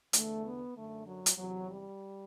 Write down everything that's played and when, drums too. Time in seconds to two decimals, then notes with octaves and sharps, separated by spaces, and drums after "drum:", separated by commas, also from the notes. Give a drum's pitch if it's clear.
0.13 E2 D3 A3, drum: hi-hat
0.44 B3
0.75 F#2 D3 A3
1.06 F#3
1.26 drum: hi-hat
1.36 E2 C3 E3 F#3
1.68 G3